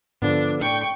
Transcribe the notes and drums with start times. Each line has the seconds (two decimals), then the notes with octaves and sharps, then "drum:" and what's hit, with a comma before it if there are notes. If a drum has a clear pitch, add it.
0.22 D3 F3 B3 D4, drum: tom G2
0.61 A2 D4 G5 C#6, drum: hi-hat